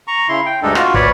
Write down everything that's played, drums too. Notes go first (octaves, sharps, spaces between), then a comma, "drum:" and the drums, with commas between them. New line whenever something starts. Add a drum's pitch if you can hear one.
A#5 C#6
C#3 E4 C6
G5
D2 G2 G#3 D4 D#4 A4
F4 F#4, drum: rim click
D2 B4 C#5 D5, drum: kick